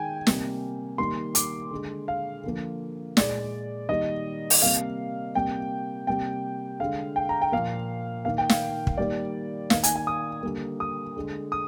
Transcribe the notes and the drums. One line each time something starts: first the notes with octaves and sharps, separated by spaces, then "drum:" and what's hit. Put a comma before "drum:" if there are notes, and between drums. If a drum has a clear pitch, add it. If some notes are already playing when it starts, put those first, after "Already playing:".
Already playing: D#3 G#3 G5 G#5
C3 G3 A#3, drum: snare
D#3 G3 A#3 C6
D6, drum: hi-hat
D3 G#3
F5
D3 F3 A#3
A#2 G#3 D5, drum: snare
D#3 G3 A#3 D#5
drum: open hi-hat
C3 G3 A#3 F5
C3 G3 A#3 G5
C3 G3 A#3 G5
D3 G#3 F5
G5
A#5
G5
A#2 F3 A#3 F5
D#3 A#3 F5
G5
F5, drum: snare
drum: kick
D#3 G3 A#3 D5
D#3 A#3 F5, drum: snare
G#5, drum: hi-hat
G#5
D#6
D3 G3 A#3
D#6
D3 G#3
D#6